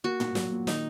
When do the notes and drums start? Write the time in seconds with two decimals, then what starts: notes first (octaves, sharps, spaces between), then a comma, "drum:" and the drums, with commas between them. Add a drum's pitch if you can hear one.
0.04 A#3 F#4
0.20 A#2, drum: tom
0.35 F#3, drum: snare
0.51 A#2
0.67 D#3 D#4, drum: snare